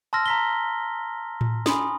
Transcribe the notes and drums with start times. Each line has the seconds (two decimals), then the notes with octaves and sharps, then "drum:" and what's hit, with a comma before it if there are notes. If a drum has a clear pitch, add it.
0.13 A5 C6 E6 F6 A#6
0.26 A#5 B6 G7
1.41 drum: tom A2
1.66 G#5 B5 C6 D#6, drum: snare